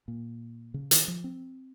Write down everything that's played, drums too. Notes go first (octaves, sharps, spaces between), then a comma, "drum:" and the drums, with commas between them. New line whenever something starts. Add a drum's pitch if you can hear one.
A#2
C#3
D#3, drum: hi-hat
F3
C4